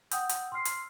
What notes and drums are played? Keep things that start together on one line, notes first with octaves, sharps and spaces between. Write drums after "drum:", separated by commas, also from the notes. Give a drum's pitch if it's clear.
F#5 G5 D#6 E6 G6, drum: hi-hat
drum: hi-hat
C6 E6 F6 C7
drum: hi-hat